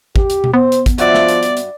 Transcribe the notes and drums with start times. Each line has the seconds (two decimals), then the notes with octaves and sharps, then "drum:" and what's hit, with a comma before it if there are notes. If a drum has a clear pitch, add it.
0.16 G4, drum: kick
0.30 drum: hi-hat
0.44 drum: tom B2
0.54 B3 C5
0.72 drum: hi-hat
0.86 drum: kick, hi-hat
0.98 G2 F3 F#4 D5 E5, drum: hi-hat
1.14 drum: snare
1.28 drum: hi-hat
1.43 drum: hi-hat
1.57 drum: hi-hat